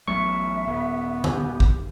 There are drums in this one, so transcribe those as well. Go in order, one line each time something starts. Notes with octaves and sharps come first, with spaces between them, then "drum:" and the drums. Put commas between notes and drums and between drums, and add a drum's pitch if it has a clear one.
A1 F#3 B3 E5 C#6
D#1 B3
G4, drum: tom D3
drum: kick